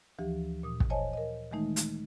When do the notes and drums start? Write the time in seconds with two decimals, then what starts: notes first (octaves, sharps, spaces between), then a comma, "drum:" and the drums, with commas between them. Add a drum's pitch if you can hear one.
0.19 D2 E3 F3 G4
0.63 A#2 D#6
0.80 drum: kick
0.90 C5 C#5 D#5 G#5 A5
1.13 A#4 D#5
1.51 D#3 E3 G#3 A3 D#4
1.76 drum: hi-hat